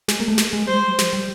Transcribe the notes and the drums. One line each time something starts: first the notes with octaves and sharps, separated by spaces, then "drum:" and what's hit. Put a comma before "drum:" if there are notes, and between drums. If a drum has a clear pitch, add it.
G#3, drum: snare
A#3
A3
G#3, drum: snare
G#3
G3 C5
G#3
F#3
F3, drum: snare
G3